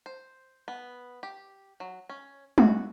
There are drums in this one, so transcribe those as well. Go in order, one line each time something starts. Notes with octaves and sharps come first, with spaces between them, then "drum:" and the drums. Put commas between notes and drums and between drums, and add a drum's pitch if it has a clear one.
C5
B3
G4
F#3
C#4
F#4, drum: tom G3